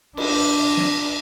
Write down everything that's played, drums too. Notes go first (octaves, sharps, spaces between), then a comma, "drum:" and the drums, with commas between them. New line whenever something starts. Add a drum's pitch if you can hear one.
D4, drum: cymbal
drum: snare